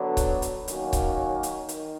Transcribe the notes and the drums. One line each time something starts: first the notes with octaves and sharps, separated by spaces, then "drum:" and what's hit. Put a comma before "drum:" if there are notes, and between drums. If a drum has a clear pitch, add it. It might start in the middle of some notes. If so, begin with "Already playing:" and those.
Already playing: D3 F#3 B3 D4
drum: kick C#1, hi-hat
drum: hi-hat
D#3 F#3 A#3 C#4 F#4, drum: hi-hat
drum: kick C#1, hi-hat
drum: hi-hat
D#3, drum: hi-hat